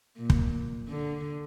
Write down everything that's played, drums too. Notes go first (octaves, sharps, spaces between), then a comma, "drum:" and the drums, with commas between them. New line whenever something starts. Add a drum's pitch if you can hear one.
A#2
drum: kick
D3